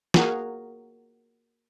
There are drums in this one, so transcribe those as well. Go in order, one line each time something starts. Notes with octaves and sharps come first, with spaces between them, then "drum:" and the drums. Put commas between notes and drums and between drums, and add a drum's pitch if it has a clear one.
A#3 F#4 G#4 A#4, drum: snare